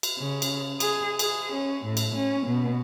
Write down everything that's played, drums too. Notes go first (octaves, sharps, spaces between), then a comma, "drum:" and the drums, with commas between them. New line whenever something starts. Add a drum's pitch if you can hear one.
drum: cymbal
C#3
drum: cymbal
G#4, drum: cymbal
G#4, drum: cymbal
C#4
A2
drum: cymbal
C#4
B2